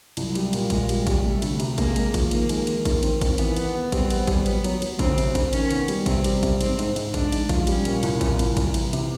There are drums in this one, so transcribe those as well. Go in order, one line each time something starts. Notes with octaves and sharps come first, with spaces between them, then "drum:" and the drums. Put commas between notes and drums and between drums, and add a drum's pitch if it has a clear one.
C2 F#3, drum: cymbal
G3, drum: cymbal
A#2, drum: cymbal
A#2 G#3, drum: kick A1, cymbal
G3, drum: cymbal
G3, drum: kick A1, cymbal
C3 A3
D2, drum: cymbal
C3, drum: cymbal
G#3 A#3, drum: kick A1, cymbal
G#3, drum: cymbal
F3, drum: kick A1, cymbal
D#3 A#3, drum: cymbal
G#3, drum: cymbal
D#3, drum: cymbal
D#3, drum: kick A1, cymbal
C4, drum: cymbal
D#3, drum: kick A1, cymbal
E3 B3, drum: cymbal
B3, drum: cymbal
B3
G3 C4, drum: kick A1, cymbal
B3, drum: cymbal
G3, drum: kick A1, cymbal
F#3 B3, drum: cymbal
F#3, drum: cymbal
F#3, drum: cymbal
D2 C4, drum: kick A1, cymbal
C3, drum: cymbal
C3, drum: kick A1, cymbal
D#3 C#4, drum: cymbal
B3, drum: cymbal
G3, drum: cymbal
C3 C4, drum: kick A1, cymbal
G3, drum: cymbal
C3, drum: kick A1, cymbal
G#2 C4, drum: cymbal
G#2, drum: cymbal
G#2, drum: cymbal
G#2 D4, drum: kick A1, cymbal
G#2, drum: cymbal
F3, drum: kick A1, cymbal
G3 C#4, drum: cymbal
A#2, drum: cymbal
C2, drum: cymbal
A#2, drum: kick A1, cymbal
C2, drum: cymbal
C2, drum: kick A1, cymbal
E3, drum: cymbal
C3, drum: cymbal